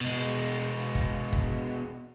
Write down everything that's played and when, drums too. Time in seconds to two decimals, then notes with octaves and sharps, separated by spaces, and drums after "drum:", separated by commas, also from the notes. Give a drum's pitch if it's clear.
0.01 B2 G#3
0.95 drum: kick
1.33 drum: kick